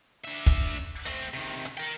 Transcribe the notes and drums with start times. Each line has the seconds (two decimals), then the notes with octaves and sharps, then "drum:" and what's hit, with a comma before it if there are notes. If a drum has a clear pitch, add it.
0.25 D4 E5
0.46 drum: kick, hi-hat
1.06 A3 C4, drum: hi-hat
1.34 C3 D#3
1.65 drum: hi-hat
1.77 A#4 G5